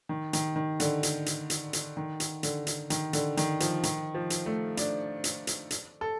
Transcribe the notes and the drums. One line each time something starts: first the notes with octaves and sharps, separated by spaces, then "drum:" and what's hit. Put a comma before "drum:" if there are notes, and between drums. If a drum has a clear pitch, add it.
D#3
D#3, drum: hi-hat
D#3
D3, drum: hi-hat
drum: hi-hat
drum: hi-hat
drum: hi-hat
drum: hi-hat
D#3
drum: hi-hat
D3, drum: hi-hat
drum: hi-hat
D#3, drum: hi-hat
D3, drum: hi-hat
D#3, drum: hi-hat
F3, drum: hi-hat
D#3, drum: hi-hat
F3
drum: hi-hat
A3
D4, drum: hi-hat
drum: hi-hat
drum: hi-hat
drum: hi-hat
A4